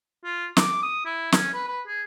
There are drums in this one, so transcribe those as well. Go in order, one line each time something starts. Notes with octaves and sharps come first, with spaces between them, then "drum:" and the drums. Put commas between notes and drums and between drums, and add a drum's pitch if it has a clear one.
F4
D6, drum: snare
D#6
E4
C#4, drum: snare
B4
B4
G#4